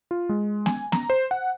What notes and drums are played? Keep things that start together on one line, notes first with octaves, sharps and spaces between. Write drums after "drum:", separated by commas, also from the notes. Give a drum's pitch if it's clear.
F4
G#3
G#5, drum: snare B3
A#5, drum: snare B3
C5
F#5